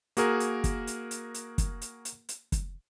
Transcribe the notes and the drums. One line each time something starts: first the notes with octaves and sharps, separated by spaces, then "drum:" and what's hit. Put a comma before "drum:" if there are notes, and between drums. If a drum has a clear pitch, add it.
A#3 F#4 G#4 A#4, drum: hi-hat
drum: hi-hat
drum: kick, hi-hat
drum: hi-hat
drum: hi-hat
drum: hi-hat
drum: kick, hi-hat
drum: hi-hat
drum: hi-hat
drum: hi-hat
drum: kick, hi-hat